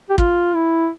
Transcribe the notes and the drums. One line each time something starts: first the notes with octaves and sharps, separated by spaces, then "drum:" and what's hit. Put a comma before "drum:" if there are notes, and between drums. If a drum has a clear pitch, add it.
G4
F4, drum: kick
E4